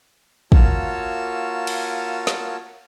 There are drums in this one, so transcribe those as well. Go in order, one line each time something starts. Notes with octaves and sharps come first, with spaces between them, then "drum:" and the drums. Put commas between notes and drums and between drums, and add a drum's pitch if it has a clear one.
A#3 F4 F#4 C#5 A5 E6, drum: kick
drum: cymbal
drum: snare